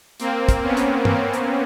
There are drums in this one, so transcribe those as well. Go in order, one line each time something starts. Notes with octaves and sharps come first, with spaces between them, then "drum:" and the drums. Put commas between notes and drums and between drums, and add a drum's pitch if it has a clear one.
A#3 C4, drum: hi-hat
drum: kick, hi-hat
B3 C#4
drum: hi-hat
A#3 C4, drum: tom
drum: hi-hat